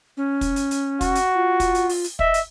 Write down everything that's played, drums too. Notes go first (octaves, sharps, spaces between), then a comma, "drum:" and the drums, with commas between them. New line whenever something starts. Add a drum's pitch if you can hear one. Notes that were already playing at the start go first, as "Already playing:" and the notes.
C#4
drum: kick, hi-hat
drum: hi-hat
drum: hi-hat
F#4, drum: kick, hi-hat
drum: hi-hat
F4
drum: kick, hi-hat
drum: hi-hat
drum: open hi-hat
drum: hi-hat
D#5 E5, drum: kick
drum: hi-hat